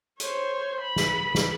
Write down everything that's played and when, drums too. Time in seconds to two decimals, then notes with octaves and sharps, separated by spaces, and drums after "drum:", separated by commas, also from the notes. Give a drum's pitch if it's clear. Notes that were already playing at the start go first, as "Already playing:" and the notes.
0.20 C5 C#5, drum: hi-hat
0.81 B5
0.96 drum: snare
1.35 drum: snare